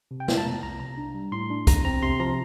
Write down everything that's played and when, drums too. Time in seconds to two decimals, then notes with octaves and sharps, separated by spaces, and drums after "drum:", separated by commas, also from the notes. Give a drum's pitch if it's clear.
0.11 C3
0.20 G5
0.28 A#3 F5, drum: snare
0.38 A5
0.45 C3 A#5
0.63 C2 A#5
0.80 C3 A#5
0.97 D4
1.15 G3
1.32 A2 C6
1.50 D4
1.67 E2 A#5, drum: kick, hi-hat
1.85 C4 A#5
2.02 C3 C6
2.20 F3 A#5